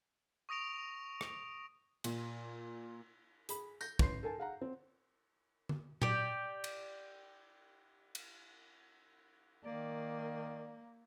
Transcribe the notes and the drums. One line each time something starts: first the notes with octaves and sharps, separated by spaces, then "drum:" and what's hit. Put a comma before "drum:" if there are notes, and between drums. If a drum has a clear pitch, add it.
C#6 D#6 A#6 D7 F7
drum: rim click
A#2, drum: cymbal
G#4 B5, drum: hi-hat
G6 A#6, drum: tambourine
A1 B4 C6 C7, drum: kick
A4 A#4 G#5 A5
G#4 F5 F#5 A#5
C4
drum: tom D3
G4 D5, drum: tom A#2
drum: cymbal
drum: cymbal
D#3 A#3 D5